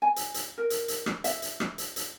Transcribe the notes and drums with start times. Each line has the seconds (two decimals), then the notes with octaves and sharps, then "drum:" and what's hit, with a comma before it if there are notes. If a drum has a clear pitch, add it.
0.02 G#5
0.16 drum: hi-hat
0.34 drum: hi-hat
0.58 A#4
0.70 drum: hi-hat
0.88 drum: hi-hat
1.06 drum: rim click
1.24 E5, drum: hi-hat
1.42 drum: hi-hat
1.60 drum: rim click
1.78 drum: hi-hat
1.96 drum: hi-hat